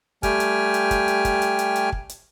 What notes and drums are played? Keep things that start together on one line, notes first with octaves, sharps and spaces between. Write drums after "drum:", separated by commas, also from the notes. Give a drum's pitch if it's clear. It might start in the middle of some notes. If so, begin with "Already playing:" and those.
G3 A3 G4 G5 G#5 F6, drum: kick, hi-hat
drum: hi-hat
drum: hi-hat
drum: kick, hi-hat
drum: hi-hat
drum: kick, hi-hat
drum: hi-hat
drum: hi-hat
drum: hi-hat
drum: kick
drum: hi-hat